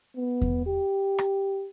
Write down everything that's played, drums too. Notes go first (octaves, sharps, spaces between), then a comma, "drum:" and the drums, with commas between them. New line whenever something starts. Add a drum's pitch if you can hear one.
B3
drum: kick E2
G4
drum: rim click